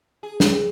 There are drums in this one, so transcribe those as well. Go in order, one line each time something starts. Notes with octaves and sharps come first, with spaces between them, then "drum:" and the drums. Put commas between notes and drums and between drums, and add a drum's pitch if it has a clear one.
G#4
drum: snare